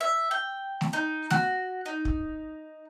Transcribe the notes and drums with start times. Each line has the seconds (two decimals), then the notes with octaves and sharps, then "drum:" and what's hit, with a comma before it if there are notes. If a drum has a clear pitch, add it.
0.01 E5
0.31 G5
0.81 drum: snare
0.93 D#4
1.30 F#4, drum: snare
1.86 D#4
2.05 drum: kick